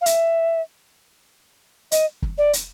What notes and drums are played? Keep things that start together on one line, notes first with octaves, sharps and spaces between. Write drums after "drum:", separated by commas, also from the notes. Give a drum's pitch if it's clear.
F5
E5, drum: hi-hat
D#5, drum: hi-hat
drum: kick
D5
drum: hi-hat